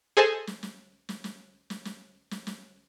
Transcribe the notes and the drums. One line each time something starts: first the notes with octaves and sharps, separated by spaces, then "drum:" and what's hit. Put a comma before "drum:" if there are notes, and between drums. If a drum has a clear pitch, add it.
G#4 A4 C5 D#5 G#5 A5
drum: snare
drum: snare
drum: snare
drum: snare
drum: snare
drum: snare
drum: snare
drum: snare